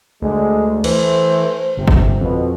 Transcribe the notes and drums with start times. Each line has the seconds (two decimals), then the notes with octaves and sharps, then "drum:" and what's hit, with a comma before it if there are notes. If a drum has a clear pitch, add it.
0.22 D2 D3 G#3
0.84 E3 A3 C5, drum: cymbal
1.77 G1 C3
1.88 drum: kick G1
2.21 F2 B2